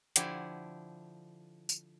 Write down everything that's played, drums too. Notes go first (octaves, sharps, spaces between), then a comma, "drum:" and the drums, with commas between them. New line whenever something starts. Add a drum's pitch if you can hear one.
D3 F3 E4 G4 F#5 G#5, drum: hi-hat
drum: tambourine